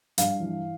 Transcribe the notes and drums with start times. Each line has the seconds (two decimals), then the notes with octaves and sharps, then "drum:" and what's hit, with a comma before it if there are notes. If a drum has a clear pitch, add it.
0.18 G2 F5, drum: hi-hat
0.40 E3